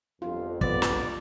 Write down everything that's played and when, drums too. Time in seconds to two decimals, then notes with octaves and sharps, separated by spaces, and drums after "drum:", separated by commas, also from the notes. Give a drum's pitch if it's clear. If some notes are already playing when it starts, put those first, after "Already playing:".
0.22 G1 F2 F4
0.61 B3 D5, drum: kick
0.82 drum: snare